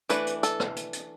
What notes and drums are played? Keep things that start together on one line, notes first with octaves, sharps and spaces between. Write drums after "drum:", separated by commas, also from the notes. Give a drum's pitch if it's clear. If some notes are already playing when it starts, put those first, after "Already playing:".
E3 A3 D4 B4, drum: hi-hat
drum: hi-hat
A4, drum: hi-hat
drum: rim click
drum: hi-hat
drum: hi-hat